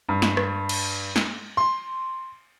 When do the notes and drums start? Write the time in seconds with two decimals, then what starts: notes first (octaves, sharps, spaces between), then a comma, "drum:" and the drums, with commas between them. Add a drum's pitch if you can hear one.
0.09 G2
0.22 drum: snare
0.37 drum: rim click
0.69 drum: cymbal
1.16 drum: snare
1.57 C6